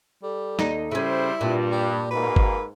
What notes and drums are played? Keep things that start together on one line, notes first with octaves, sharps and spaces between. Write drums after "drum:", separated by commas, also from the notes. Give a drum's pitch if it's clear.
G3 A4
D#2 D#4, drum: snare
C#3 G3 C#4 E4 C5
G2 A#2 F4
G3
G#2 A#3 F#4 B4
drum: kick G1